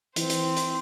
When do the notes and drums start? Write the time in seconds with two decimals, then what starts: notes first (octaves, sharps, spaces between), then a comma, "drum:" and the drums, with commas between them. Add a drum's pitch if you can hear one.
0.16 E3 C4 C5, drum: hi-hat
0.30 drum: hi-hat
0.57 drum: hi-hat